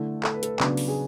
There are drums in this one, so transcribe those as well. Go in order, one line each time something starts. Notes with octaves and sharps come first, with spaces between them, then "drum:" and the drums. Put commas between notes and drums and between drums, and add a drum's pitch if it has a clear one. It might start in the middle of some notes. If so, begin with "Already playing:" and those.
Already playing: D3 A3 E4 A4
A4, drum: clap
B4
A4, drum: hi-hat
C#3 F#3 B3 D4, drum: clap
drum: open hi-hat
G#4